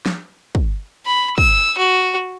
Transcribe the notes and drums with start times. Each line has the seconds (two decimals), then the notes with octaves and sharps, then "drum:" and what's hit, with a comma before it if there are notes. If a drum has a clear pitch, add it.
0.06 drum: snare
0.55 drum: kick
1.06 B5
1.38 E6, drum: kick
1.78 F#4